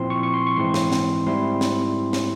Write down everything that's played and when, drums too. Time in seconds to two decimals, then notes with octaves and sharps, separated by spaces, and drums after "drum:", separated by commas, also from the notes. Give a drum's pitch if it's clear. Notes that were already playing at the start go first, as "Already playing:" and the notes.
Already playing: A#2 F3 C4 E4 C6
0.10 C#6
0.23 C#6
0.34 C6
0.47 C#6
0.56 G#2 E3 G#3 C4 E4 C6
0.74 drum: snare
0.92 drum: snare
1.27 G#2 G3 C4 E4 C6
1.61 drum: snare
2.13 drum: snare